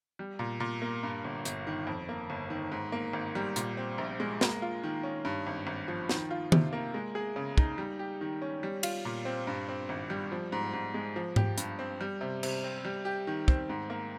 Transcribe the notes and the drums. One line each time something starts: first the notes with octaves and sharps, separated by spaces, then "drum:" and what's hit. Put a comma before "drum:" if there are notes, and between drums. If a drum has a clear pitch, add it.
G3
A#2
A#2
A#3
G2
G1
G1, drum: hi-hat
D#3
F2
A#3
G1
D#3
G#2
A#3
G#1
G3
A#2, drum: hi-hat
C4
A#1
G#3
A#3, drum: snare
F4
D#3
C#4
G2
G#1
G#1
F3
D#3, drum: snare
F4
C3, drum: tom D#3
A#3
G#3
G#4
C#3
D#4, drum: kick
G3
G4
D#3
C#4
G3
F4, drum: cymbal
A#2
C4
G2
C4
G#1
G3
F3
G#2
G#2
G#3
F3
G4, drum: tom G#2
G2, drum: hi-hat
C4
G3
C3
C3, drum: cymbal
C4
G3
G4
D#3
C4, drum: kick
G#2
A#3